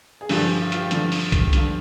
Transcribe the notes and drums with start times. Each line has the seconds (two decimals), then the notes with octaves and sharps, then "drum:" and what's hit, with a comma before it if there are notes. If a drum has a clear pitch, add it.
0.21 G#4
0.29 G2 D3 F3 G4, drum: open hi-hat
0.45 G4
0.61 F4
0.72 F4, drum: hi-hat
0.76 G4
0.91 G2 D3 F3, drum: hi-hat
1.12 drum: open hi-hat
1.32 drum: kick B1, hi-hat
1.53 G2 D3 F3, drum: hi-hat